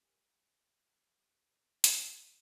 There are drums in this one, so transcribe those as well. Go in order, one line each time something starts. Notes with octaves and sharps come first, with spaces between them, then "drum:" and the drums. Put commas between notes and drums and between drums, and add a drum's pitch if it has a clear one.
G4 A#4 G5 G#5
drum: hi-hat